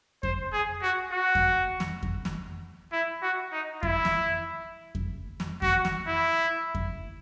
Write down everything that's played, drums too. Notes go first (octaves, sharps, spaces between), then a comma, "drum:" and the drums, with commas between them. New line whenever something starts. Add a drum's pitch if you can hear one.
C5, drum: kick F2
G#4
F#4
F#4
drum: kick F2
drum: snare
drum: kick F2
drum: snare
E4
F#4
D#4
E4, drum: kick F2
drum: snare
drum: kick F2
drum: snare
F#4, drum: kick F2
drum: snare
E4
drum: kick F2